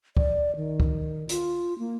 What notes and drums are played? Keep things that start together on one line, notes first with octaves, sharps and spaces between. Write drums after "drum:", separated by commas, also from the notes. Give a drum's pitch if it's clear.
D5, drum: kick
D#3
drum: kick
F4, drum: hi-hat
A#3